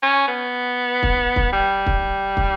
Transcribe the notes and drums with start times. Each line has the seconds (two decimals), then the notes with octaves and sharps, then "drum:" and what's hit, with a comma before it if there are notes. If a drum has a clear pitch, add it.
0.03 C#4
0.28 B3
1.03 drum: kick
1.36 drum: kick
1.53 G3
1.86 drum: kick
2.37 drum: kick